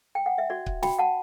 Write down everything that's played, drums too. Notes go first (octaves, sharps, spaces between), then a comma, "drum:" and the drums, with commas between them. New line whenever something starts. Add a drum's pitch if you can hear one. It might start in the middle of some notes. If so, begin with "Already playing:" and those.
G5
F#5
E5
F#4 D5
drum: kick C#1
F#4 G5 B5, drum: snare
F#5 A5